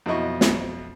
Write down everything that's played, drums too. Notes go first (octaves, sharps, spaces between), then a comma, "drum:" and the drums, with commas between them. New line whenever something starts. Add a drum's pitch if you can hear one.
F2 B2 F#3 E4 D#5 C#6
drum: snare